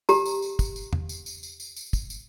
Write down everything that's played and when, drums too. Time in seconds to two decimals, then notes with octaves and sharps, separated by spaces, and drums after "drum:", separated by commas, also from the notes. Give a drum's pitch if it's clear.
0.09 G4 A#5, drum: tambourine
0.25 drum: tambourine
0.42 drum: tambourine
0.59 drum: kick, tambourine
0.76 drum: tambourine
0.93 drum: tom E2
1.09 drum: tambourine
1.26 drum: tambourine
1.43 drum: tambourine
1.60 drum: tambourine
1.76 drum: tambourine
1.93 drum: kick, tambourine
2.10 drum: tambourine